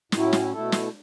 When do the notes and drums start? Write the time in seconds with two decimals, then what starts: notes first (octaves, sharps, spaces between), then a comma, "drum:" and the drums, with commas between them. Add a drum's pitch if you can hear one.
0.12 A2 F#3 C#4 E4, drum: snare
0.33 drum: snare
0.53 B2 A3 E4 A4
0.72 drum: snare